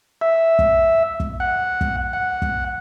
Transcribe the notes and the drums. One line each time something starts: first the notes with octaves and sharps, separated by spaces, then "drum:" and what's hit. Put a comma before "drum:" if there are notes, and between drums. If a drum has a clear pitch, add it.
E5
drum: kick
drum: kick
F#5
drum: kick
F#5
drum: kick